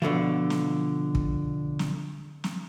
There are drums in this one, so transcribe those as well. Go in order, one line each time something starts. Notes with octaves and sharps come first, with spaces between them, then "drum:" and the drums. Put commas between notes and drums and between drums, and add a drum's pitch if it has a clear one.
B2 D3 E3 F3
drum: snare
drum: kick
drum: snare
drum: snare